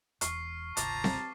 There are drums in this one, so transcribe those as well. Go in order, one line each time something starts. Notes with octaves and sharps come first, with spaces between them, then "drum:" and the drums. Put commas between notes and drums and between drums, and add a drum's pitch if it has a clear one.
E1 E2 C#6 F6 C7, drum: hi-hat
G1 D2 C3 F3 A5 A#5 D6, drum: hi-hat
drum: snare C4